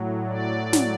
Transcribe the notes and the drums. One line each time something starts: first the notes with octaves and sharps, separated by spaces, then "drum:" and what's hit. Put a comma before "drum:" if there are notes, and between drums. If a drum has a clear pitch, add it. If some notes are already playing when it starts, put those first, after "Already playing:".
Already playing: A2 F#3
D5
drum: snare